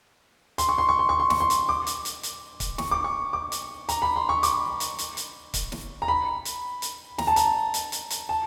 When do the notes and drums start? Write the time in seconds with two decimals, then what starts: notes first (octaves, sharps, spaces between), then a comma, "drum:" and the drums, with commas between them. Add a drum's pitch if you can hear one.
0.58 C6, drum: hi-hat
0.69 C#6
0.78 C6
0.89 C#6
0.99 C6
1.09 C#6
1.20 C6
1.30 C#6, drum: snare
1.40 C6
1.50 drum: hi-hat
1.69 D6
1.87 drum: hi-hat
2.05 drum: hi-hat
2.23 drum: hi-hat
2.60 drum: kick C#1, hi-hat
2.78 C#6, drum: snare
2.91 D6
3.04 C#6
3.33 D6
3.52 drum: hi-hat
3.89 A#5, drum: hi-hat
4.02 B5
4.16 C6
4.29 C#6
4.43 D6, drum: hi-hat
4.80 drum: hi-hat
4.99 drum: hi-hat
5.17 drum: hi-hat
5.54 drum: kick C#1, hi-hat
5.72 drum: snare
6.02 A#5
6.08 B5
6.45 drum: hi-hat
6.82 drum: hi-hat
7.18 A#5, drum: snare
7.27 A5
7.36 A#5, drum: hi-hat
7.74 drum: hi-hat
7.92 drum: hi-hat
8.10 drum: hi-hat
8.29 A5